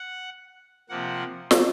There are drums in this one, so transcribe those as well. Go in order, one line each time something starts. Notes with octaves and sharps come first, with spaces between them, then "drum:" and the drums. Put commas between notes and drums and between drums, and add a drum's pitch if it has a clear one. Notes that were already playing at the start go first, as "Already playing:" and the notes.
Already playing: F#5
C3 F3 A#3 F#5
drum: snare